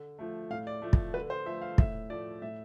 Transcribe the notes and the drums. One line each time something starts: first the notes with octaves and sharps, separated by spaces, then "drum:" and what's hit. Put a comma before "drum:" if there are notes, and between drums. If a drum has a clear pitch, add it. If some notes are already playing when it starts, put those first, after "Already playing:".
Already playing: D3
F3 A3
A2 F5
D5
F3 A3
drum: kick
D3 B4
C5
F3 A3 E5
F5
A2 E5, drum: kick
F3 A3 D5
A2 E5